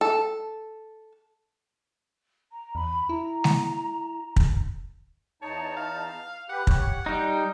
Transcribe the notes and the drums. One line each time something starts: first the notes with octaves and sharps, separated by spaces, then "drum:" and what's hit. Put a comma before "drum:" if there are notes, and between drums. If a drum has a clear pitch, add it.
A4
A#5
E2 B5
E4 A#5
drum: snare G#3
D3, drum: kick
E2 D#4 C#5 A5
F5
G4 B4 F#5
G4 C#5, drum: kick
G3 D#4 G6